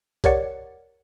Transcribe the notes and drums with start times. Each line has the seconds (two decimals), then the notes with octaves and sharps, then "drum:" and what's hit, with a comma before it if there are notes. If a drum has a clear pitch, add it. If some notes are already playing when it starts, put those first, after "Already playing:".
0.24 G4 A#4 C#5 D5 F#5, drum: kick, hi-hat